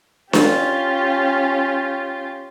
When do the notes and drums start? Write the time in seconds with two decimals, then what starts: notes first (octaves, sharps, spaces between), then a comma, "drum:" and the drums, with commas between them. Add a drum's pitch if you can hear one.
0.33 C#4 F4 G4, drum: snare D4